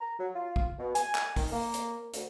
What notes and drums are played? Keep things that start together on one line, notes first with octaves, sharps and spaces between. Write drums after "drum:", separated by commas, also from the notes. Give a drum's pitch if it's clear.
A#5
F#3
F4
drum: kick
B2
G#5, drum: hi-hat
drum: clap
D#3, drum: kick, open hi-hat
A#3
drum: hi-hat
D2, drum: hi-hat